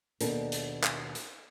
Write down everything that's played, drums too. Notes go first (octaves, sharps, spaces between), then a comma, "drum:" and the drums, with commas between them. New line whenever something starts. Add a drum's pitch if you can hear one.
D#2 B2 D4 A4 A#4, drum: hi-hat
drum: hi-hat
drum: clap
drum: hi-hat